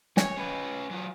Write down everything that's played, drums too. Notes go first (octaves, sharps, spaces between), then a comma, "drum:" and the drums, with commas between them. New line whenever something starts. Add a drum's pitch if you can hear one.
C#5 G#5, drum: snare
C#4 B4
F#3 F4